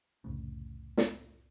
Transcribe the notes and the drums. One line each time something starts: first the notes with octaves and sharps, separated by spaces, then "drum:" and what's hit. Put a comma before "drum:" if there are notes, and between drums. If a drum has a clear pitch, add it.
C2 F2 A2 C#3
drum: snare